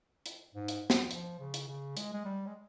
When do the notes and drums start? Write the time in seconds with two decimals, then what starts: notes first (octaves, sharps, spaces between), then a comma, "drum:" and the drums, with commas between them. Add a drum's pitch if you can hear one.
0.26 drum: hi-hat
0.54 G#2
0.68 drum: hi-hat
0.90 drum: snare
1.11 F3, drum: hi-hat
1.39 C#3
1.54 drum: hi-hat
1.68 C#3
1.97 G#3, drum: hi-hat
2.13 G#3
2.25 G3
2.46 G#3